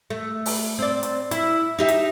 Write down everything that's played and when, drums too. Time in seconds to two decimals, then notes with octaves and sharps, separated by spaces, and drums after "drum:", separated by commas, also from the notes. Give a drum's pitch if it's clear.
0.10 A3
0.46 drum: open hi-hat
0.78 C4 D5
1.03 drum: hi-hat
1.31 E4, drum: hi-hat
1.79 D#4 G4 E5
1.88 drum: hi-hat